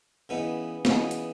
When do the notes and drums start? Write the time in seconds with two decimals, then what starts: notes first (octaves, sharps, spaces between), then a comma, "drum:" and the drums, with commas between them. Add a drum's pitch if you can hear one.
0.29 C#3 E3 B3 D#4
0.85 C#3 E3 B3 D#4, drum: snare
1.11 drum: hi-hat